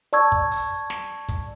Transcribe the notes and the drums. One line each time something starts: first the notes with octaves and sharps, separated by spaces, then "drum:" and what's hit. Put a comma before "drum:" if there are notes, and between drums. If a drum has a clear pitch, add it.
D5 A5 C#6 E6 G#6, drum: hi-hat
drum: kick
drum: open hi-hat
drum: snare
drum: kick, hi-hat